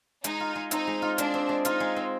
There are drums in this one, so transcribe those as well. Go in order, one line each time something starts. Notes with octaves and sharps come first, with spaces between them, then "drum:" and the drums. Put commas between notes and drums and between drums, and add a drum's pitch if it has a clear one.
G#3 D#4, drum: hi-hat
F4
G#3
C4 D#4, drum: hi-hat
G#3
F4
G#3 D4, drum: hi-hat
C4
G#3
D#4 F4, drum: hi-hat
G#3
C4